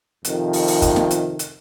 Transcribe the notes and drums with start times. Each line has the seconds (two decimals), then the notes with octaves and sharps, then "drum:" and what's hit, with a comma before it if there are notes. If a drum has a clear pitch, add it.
0.25 F2 C3 D#3, drum: hi-hat
0.53 drum: open hi-hat
0.68 drum: open hi-hat
0.82 drum: kick, hi-hat
0.96 drum: snare
1.11 drum: hi-hat
1.39 drum: hi-hat